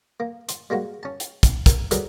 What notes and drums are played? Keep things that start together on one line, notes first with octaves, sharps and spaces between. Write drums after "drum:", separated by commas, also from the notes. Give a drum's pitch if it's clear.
A#3
C6, drum: hi-hat
G3 G#3 A#3 F#4
C#4 A5
drum: hi-hat
drum: kick, hi-hat
A#4, drum: kick, hi-hat
D3 F#3 G3 G#4 A#4 B4, drum: hi-hat